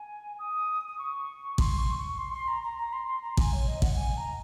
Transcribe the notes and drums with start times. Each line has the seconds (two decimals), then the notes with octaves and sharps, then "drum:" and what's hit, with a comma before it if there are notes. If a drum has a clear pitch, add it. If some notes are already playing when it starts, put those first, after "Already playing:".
Already playing: G#5
0.39 D#6
0.88 D#6
0.98 C#6
1.58 C6, drum: kick A1
1.78 C#6
1.98 C#6
2.18 C6
2.33 C6
2.48 A#5
2.63 A#5
2.78 A#5
2.93 C6
3.07 C6
3.22 A#5
3.37 G#5, drum: kick A1
3.53 C#5
3.67 D#5
3.82 F#5, drum: kick A1
3.97 G#5
4.17 A#5